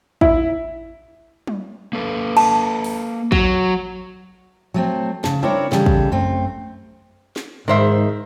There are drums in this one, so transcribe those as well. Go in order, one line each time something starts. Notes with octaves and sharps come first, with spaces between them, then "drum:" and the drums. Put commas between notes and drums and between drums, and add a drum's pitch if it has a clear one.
E4, drum: kick
drum: tom F#3
A#3 A4 B4
A5, drum: cymbal
drum: open hi-hat
F#3, drum: kick
F#3 A3 C4
C#3 A5, drum: snare
C4 D4 E4 A#4 C#5, drum: tom F#3
C#3 E3 G3 G#4 A4, drum: snare
drum: kick
F#2 A3 C4
drum: snare
G#2 D#3 C5 E5